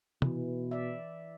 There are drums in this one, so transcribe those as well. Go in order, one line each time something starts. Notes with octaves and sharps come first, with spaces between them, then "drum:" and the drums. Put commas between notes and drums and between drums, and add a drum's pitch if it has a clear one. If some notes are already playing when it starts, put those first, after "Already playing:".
B2 E3, drum: tom
D5 E5